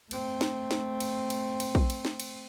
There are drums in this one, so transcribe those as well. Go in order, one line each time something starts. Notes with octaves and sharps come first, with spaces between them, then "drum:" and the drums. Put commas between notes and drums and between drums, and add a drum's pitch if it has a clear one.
A3 C4, drum: cymbal
drum: snare
drum: snare
drum: cymbal
drum: cymbal
drum: cymbal
drum: kick A#1
drum: cymbal
drum: snare
drum: cymbal